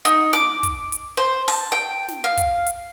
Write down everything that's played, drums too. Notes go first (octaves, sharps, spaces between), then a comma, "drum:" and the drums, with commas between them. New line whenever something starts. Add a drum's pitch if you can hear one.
D#4, drum: hi-hat
D6, drum: snare
drum: kick, hi-hat
drum: hi-hat
C5
A5, drum: open hi-hat
G5
drum: snare
F5
drum: kick, hi-hat
drum: hi-hat